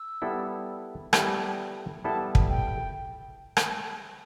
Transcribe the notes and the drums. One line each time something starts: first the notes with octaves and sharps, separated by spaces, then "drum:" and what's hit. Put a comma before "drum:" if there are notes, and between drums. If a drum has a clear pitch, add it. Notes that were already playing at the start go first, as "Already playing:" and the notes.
Already playing: E6
G3 B3 E4 A4
G3 B3 E4 A4, drum: rim click
G3 B3 E4 A4 A5
drum: kick
G5
drum: rim click